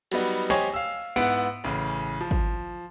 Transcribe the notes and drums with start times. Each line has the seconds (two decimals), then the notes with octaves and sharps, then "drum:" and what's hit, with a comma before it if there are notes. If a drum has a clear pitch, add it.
0.11 F#3 G3 B3 D#4, drum: cymbal
0.50 G4 C5 C#5 D#5 G#5, drum: snare
0.74 F5 E6
1.16 G#2 B3 E4 F#5 D7
1.64 A1 C#3
2.21 F3
2.31 drum: kick